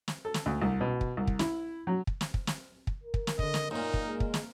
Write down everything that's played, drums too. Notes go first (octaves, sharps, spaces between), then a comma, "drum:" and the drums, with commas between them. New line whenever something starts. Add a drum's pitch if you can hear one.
drum: snare
A4
drum: snare
D2
C2
B2
drum: kick
C2
drum: kick
E4, drum: snare
F#3
drum: kick
drum: snare
drum: kick
drum: snare
drum: kick
A#4
drum: kick
drum: snare
D3 D#5, drum: kick
drum: snare
F#2 A#2 A#3 D#4
drum: kick
G#3
drum: kick
drum: snare